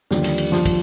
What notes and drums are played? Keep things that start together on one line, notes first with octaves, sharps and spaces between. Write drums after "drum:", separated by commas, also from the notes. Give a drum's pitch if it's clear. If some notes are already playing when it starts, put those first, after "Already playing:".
D#2 D3 F3 G3, drum: snare
drum: cymbal
drum: cymbal
F3, drum: snare
drum: kick, cymbal